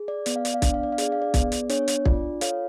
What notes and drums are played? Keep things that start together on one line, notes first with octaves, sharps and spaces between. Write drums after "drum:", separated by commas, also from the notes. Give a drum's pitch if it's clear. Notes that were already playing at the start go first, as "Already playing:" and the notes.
Already playing: G#4
D5
B3 D5, drum: hi-hat
F5
D5, drum: hi-hat
F5
D4 D5, drum: kick, hi-hat
F5
D5
F5
G#4 D5, drum: hi-hat
F5
D5
B3, drum: kick, hi-hat
drum: hi-hat
D4 C#5, drum: hi-hat
drum: hi-hat
F4 D5, drum: kick
A4 C#5 F5, drum: hi-hat